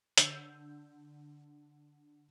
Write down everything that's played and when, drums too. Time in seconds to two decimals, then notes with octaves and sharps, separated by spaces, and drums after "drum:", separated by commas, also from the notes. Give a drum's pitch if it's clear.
0.18 D3 E6 G6, drum: hi-hat